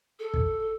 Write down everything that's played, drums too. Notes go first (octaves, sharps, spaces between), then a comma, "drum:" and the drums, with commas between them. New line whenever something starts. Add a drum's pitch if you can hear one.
A4
drum: kick